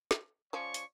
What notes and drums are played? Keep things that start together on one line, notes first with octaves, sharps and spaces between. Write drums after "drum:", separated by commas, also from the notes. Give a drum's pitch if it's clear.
drum: snare
F3 C#4 C#5 D5 C#6
drum: hi-hat